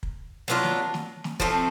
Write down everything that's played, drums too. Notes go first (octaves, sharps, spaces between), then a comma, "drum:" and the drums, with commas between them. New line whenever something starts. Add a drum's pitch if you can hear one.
drum: kick
F#3 B3 D4 F4
drum: snare
drum: snare
drum: snare
F3 A3 C4, drum: kick